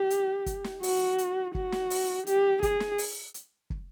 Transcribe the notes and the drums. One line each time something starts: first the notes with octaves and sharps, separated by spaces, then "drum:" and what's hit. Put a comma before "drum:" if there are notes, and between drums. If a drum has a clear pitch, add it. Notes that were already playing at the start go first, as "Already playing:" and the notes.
Already playing: G4
drum: hi-hat
drum: kick, hi-hat
drum: snare
F#4, drum: open hi-hat
drum: hi-hat
F#4, drum: kick
drum: snare
drum: open hi-hat
G4, drum: hi-hat
G#4, drum: kick, hi-hat
drum: snare
drum: open hi-hat
drum: hi-hat
drum: kick